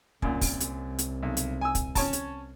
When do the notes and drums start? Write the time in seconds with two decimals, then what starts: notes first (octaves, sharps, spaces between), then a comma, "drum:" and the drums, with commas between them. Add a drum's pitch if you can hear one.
0.22 C2 F#2 A#2, drum: kick
0.41 drum: kick, open hi-hat
0.60 drum: hi-hat
0.99 drum: hi-hat
1.23 B1
1.37 drum: hi-hat
1.61 G#5 E6
1.75 drum: kick, hi-hat
1.95 C#4 C#5 A5, drum: kick, open hi-hat
2.13 drum: hi-hat